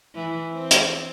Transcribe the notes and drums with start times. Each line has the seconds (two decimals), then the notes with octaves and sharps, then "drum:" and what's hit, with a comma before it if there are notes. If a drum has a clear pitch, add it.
0.15 E3
0.53 C4
0.71 drum: hi-hat